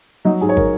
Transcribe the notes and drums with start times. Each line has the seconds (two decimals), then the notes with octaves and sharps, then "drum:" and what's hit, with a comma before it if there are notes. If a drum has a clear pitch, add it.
0.25 F#3 D#4
0.41 G#2 G#4
0.49 C#5
0.57 A#4, drum: kick